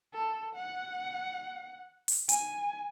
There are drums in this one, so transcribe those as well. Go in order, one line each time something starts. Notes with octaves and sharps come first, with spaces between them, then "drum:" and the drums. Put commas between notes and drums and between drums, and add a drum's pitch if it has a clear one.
A4
F#5
drum: open hi-hat
G#5, drum: hi-hat